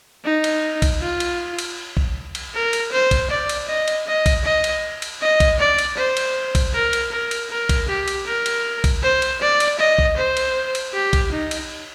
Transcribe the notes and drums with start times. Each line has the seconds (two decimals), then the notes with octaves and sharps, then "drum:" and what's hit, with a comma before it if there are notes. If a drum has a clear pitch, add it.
0.25 D#4
0.44 drum: cymbal
0.82 drum: kick A#1, cymbal
1.01 F4
1.20 drum: cymbal
1.59 drum: cymbal
1.97 drum: kick A#1
2.35 drum: cymbal
2.54 A#4
2.73 drum: cymbal
2.92 C5
3.11 drum: kick A#1, cymbal
3.30 D5
3.49 drum: cymbal
3.69 D#5
3.88 drum: cymbal
4.07 D#5
4.26 drum: kick A#1, cymbal
4.45 D#5
4.64 drum: cymbal
5.02 drum: cymbal
5.22 D#5
5.40 drum: kick A#1, cymbal
5.59 D5
5.79 drum: cymbal
5.98 C5
6.17 drum: cymbal
6.55 drum: kick A#1, cymbal
6.74 A#4
6.93 drum: cymbal
7.12 A#4
7.31 drum: cymbal
7.50 A#4
7.69 drum: kick A#1, cymbal
7.88 G4
8.08 drum: cymbal
8.27 A#4
8.46 drum: cymbal
8.84 drum: kick A#1, cymbal
9.03 C5
9.22 drum: cymbal
9.41 D5
9.60 drum: cymbal
9.79 D#5
9.99 drum: kick A#1
10.17 C5
10.37 drum: cymbal
10.75 drum: cymbal
10.94 G4
11.13 drum: kick A#1, cymbal
11.32 D#4
11.51 drum: cymbal